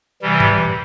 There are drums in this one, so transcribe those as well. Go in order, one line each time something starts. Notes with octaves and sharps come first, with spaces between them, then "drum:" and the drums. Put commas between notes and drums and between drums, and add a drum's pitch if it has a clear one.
C3 E3 G3
drum: tom G2